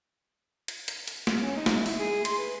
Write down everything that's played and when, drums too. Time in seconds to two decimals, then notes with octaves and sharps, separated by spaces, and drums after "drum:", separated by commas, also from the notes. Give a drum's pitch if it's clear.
0.68 drum: hi-hat
0.88 drum: hi-hat
1.08 drum: hi-hat
1.27 drum: snare
1.41 C#4
1.57 D#4
1.66 drum: snare
1.77 E4
1.86 drum: open hi-hat
1.99 G#4
2.25 C6, drum: hi-hat
2.38 B4